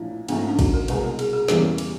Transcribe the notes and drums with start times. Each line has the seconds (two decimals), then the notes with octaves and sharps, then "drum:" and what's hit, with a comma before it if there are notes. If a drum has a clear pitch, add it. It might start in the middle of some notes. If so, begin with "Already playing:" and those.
Already playing: A#1 A2 E3
0.29 G#2 F3 A3 C4, drum: cymbal
0.39 C#4
0.49 D4
0.59 F#4, drum: kick, cymbal
0.74 A#4
0.88 C2 B2 G#3 B4, drum: cymbal
1.04 A#4
1.19 G#4, drum: cymbal
1.33 G#4
1.48 E2 C#3 E3 G3 A#3, drum: snare
1.78 G4, drum: cymbal